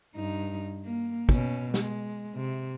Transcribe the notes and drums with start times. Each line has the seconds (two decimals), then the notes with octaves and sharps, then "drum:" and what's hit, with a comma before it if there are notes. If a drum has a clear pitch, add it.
0.16 G2 D#4
0.85 A#3
1.29 B2 C#4, drum: kick
1.74 G#3, drum: snare
2.35 C3